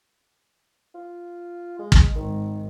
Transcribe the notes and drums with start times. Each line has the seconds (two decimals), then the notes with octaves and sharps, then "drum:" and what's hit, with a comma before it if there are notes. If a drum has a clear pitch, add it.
0.94 F4
1.79 G#3
1.92 drum: kick
2.15 G#1 D#3